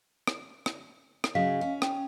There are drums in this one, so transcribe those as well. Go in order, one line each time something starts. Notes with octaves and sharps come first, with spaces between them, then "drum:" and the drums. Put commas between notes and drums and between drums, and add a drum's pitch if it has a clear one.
drum: rim click
drum: rim click
drum: rim click
C#3 F#3 G#4 D#5 F5 B6
C#4
G5, drum: rim click